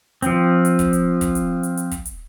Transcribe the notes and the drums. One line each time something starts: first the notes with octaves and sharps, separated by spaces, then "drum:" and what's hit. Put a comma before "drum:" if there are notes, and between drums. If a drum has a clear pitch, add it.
F3 C4, drum: hi-hat
drum: hi-hat
drum: kick, hi-hat
drum: hi-hat
drum: kick, hi-hat
drum: hi-hat
drum: hi-hat
drum: hi-hat
drum: kick, hi-hat
drum: hi-hat